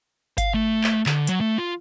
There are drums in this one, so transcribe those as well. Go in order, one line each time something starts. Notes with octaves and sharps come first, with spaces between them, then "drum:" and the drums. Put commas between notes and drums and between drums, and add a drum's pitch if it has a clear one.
F5, drum: kick G1, hi-hat
A3
drum: clap
D3, drum: clap
F#3, drum: hi-hat
A3
F4